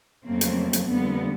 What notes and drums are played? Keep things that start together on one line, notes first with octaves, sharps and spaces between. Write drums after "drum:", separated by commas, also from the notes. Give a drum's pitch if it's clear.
F2 C#3 F#3 A3 A#3 C4
drum: hi-hat
drum: hi-hat
F2 D3 G3 A#3 B3